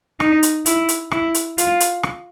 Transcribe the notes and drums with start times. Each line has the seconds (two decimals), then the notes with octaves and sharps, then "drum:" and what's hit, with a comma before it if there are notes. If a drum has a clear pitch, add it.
0.20 D#4, drum: rim click
0.43 drum: hi-hat
0.66 E4, drum: hi-hat
0.89 drum: hi-hat
1.11 E4, drum: rim click
1.34 drum: hi-hat
1.58 F4, drum: hi-hat
1.80 drum: hi-hat
2.03 drum: rim click